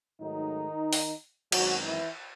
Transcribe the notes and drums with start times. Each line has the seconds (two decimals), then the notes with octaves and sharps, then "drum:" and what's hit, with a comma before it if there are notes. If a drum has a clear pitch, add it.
0.21 G#2 D#3 F#3 A3 D#4
0.93 drum: open hi-hat
1.52 F#2 D#3 F#3 G#3 C4 F#4, drum: cymbal
1.85 E3 E4